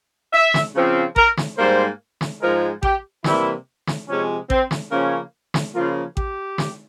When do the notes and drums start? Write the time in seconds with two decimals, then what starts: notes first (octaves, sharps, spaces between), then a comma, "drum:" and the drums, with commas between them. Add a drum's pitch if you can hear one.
0.33 E5
0.54 drum: snare
0.75 C#3 F3 C4
1.16 A#4, drum: kick A1
1.37 drum: snare
1.58 G#2 G3 A#3 C5
2.21 drum: snare
2.41 G#2 F3 G#3 A#4
2.83 G4, drum: kick A1
3.24 C3 E3 G3 A#3 E4, drum: snare
3.87 drum: snare
4.08 C3 F3 G#3 C#4
4.50 C4, drum: kick A1
4.71 drum: snare
4.91 C#3 F3 A#3 C#4
5.54 drum: snare
5.74 C#3 F3 A#3 F4
6.17 G4, drum: kick A1
6.58 drum: snare